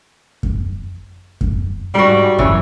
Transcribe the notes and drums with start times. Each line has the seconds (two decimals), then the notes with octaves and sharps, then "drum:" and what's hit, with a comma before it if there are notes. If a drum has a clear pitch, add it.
0.43 drum: kick F#2
1.41 drum: kick F#2
1.94 G#2 G3 F#4 A#5
2.39 F#2 E3 C#5, drum: kick F#2